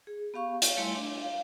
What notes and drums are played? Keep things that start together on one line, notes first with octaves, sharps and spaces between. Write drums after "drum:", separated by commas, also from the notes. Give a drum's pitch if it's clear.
G#4
B3 G4 F5 C#6
F5, drum: hi-hat
G3 A3 E4 G#5 C6
D4
F5